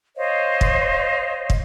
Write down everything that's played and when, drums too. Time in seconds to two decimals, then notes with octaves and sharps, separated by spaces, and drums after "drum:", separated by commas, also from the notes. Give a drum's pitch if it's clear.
0.17 C5 C#5 D#5 F5
0.61 drum: kick
1.50 drum: kick